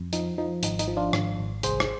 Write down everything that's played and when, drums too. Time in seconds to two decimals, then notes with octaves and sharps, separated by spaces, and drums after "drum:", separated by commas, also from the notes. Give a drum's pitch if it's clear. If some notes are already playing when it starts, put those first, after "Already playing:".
Already playing: F2
0.13 F3 D#4, drum: hi-hat
0.38 F3 D#4
0.63 G#1 D#4, drum: hi-hat
0.79 D#4, drum: hi-hat
0.88 F3
0.97 D4 F4
1.13 G#1, drum: rim click
1.39 G#1
1.63 C2 G#4 C5, drum: hi-hat
1.80 drum: rim click